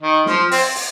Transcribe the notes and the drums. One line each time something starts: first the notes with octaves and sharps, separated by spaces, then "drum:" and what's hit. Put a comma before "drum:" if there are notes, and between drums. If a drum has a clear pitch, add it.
D#3
F3, drum: snare
C4, drum: open hi-hat
drum: open hi-hat